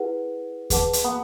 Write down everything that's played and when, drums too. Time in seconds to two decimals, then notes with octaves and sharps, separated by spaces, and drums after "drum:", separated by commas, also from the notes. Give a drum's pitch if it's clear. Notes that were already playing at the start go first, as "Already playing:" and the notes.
Already playing: E4 G#4 B4 F#5
0.70 G#4 B4 F#5 A5 D6, drum: kick D#2, hi-hat
0.93 drum: hi-hat
1.04 B3